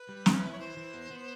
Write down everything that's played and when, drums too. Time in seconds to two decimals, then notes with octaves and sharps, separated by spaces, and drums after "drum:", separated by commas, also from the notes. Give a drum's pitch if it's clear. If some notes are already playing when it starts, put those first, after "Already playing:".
Already playing: B4
0.09 G3
0.26 C#4, drum: snare
0.42 E4
0.52 C#5
0.59 E3 C5
0.77 E3
0.94 B3
1.11 B3